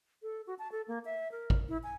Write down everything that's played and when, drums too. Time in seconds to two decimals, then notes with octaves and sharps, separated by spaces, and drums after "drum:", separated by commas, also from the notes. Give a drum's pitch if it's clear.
0.23 A4
0.47 F#4
0.59 A5
0.72 A4
0.88 A#3
1.05 E5
1.32 A#4
1.50 drum: kick
1.69 E4
1.83 G#5